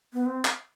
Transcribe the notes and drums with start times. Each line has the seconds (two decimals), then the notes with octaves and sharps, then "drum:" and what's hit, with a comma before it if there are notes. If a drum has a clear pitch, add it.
0.13 B3
0.26 C4
0.45 drum: clap